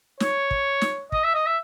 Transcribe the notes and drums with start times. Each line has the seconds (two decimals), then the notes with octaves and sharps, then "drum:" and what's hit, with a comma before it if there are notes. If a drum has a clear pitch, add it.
0.20 C#5, drum: snare
0.51 drum: kick
0.81 drum: snare
1.12 D#5, drum: kick
1.24 E5
1.34 D#5
1.46 E5